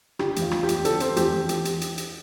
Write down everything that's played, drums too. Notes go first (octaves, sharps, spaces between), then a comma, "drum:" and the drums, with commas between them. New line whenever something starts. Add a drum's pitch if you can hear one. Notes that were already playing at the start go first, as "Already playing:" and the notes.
D3 G4, drum: rim click
E2, drum: hi-hat
F4
G3, drum: rim click
G4
E2, drum: hi-hat
D3 A4, drum: hi-hat
C4 C5, drum: hi-hat
E2 G4, drum: hi-hat
E2
E3 G4, drum: hi-hat
drum: hi-hat
drum: hi-hat
drum: hi-hat